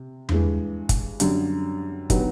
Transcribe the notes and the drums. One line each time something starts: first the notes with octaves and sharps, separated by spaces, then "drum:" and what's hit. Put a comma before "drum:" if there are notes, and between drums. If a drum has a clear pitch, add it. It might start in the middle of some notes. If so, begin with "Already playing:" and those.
Already playing: C3
G2 E3 G#3, drum: tom E2
drum: kick, hi-hat
F#2 D3 G3, drum: hi-hat
D3 F#3 B3 D#4 G4, drum: kick, hi-hat